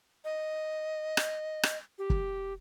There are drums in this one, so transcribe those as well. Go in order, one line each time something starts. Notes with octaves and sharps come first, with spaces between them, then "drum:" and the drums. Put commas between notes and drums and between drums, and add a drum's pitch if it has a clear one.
D#5
drum: rim click
drum: rim click
G4
drum: kick